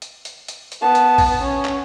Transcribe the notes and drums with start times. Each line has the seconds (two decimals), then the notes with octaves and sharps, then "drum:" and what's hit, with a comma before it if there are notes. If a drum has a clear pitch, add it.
0.02 drum: hi-hat
0.25 drum: hi-hat
0.48 drum: hi-hat
0.72 drum: hi-hat
0.82 B3 A5
0.95 drum: hi-hat
1.18 drum: kick, open hi-hat
1.42 C#4
1.65 drum: clap